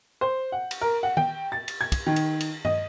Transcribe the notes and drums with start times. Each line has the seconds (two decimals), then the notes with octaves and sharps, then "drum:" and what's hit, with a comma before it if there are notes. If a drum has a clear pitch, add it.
0.21 C5
0.52 F#5
0.71 drum: cymbal
0.81 A#4
1.03 F#5
1.17 G5, drum: tom D#3
1.52 A6
1.68 drum: cymbal
1.81 G#6
1.92 drum: kick, cymbal
2.06 D#3
2.16 drum: cymbal
2.40 drum: cymbal
2.65 D#5, drum: tom G2